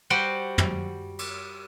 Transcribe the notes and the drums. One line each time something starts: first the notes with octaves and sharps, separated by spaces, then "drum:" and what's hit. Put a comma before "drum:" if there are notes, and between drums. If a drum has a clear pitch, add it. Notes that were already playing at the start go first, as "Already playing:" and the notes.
G3 F#4 G4 C5 C6
drum: tom
drum: cymbal